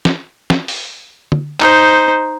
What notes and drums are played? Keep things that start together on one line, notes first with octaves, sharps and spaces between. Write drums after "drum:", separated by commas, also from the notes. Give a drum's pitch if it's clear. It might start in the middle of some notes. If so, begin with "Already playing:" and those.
drum: snare
drum: snare
drum: open hi-hat
drum: tom
D#4 C5, drum: clap